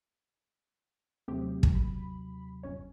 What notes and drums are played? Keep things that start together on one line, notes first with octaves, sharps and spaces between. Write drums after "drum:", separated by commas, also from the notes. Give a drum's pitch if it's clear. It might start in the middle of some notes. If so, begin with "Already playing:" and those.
D#2 C3 F#3 A3 C4 G4
drum: kick
B5
G1 C#4 C#5